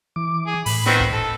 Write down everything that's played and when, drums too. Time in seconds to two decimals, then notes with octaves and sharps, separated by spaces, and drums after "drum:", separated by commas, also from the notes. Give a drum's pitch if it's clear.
0.16 E3 D6
0.47 G#4
0.66 A2 B5, drum: open hi-hat
0.86 D#3 B3 C4, drum: snare
1.00 drum: kick
1.12 A4